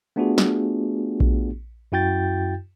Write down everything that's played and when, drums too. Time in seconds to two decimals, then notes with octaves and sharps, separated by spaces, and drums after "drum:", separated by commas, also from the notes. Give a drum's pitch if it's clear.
0.16 A3 B3 D4 F4 F#4 G#4
0.38 drum: snare
1.20 drum: kick A#1
1.92 F#2 E4 F#4 G5 G6 A6